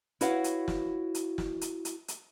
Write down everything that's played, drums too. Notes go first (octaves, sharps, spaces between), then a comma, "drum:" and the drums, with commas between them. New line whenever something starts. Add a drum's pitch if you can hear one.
E4 F#4 B4 C#5 F5 F#5, drum: hi-hat
drum: hi-hat
drum: snare
drum: hi-hat
drum: snare
drum: hi-hat
drum: hi-hat
drum: hi-hat